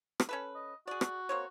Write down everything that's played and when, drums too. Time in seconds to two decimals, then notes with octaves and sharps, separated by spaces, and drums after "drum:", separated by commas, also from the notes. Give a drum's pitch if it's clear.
0.20 drum: rim click
0.29 C#4 A4 B4
0.55 D#5
0.87 F#4 G#4 D5
1.01 drum: rim click
1.29 A#3 C4 C#5